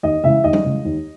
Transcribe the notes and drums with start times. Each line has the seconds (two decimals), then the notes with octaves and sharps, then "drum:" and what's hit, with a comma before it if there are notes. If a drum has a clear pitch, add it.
0.03 D#2 D#5
0.24 C#3 E3 G#3 E5
0.44 D#2 D#5
0.53 drum: tom G3
0.65 C#3 E3 G#3
0.85 D#2